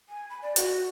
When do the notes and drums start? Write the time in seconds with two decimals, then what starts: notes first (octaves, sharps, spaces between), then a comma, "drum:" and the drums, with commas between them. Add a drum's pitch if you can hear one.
0.09 G#5
0.30 B5
0.42 D5
0.56 F#4, drum: hi-hat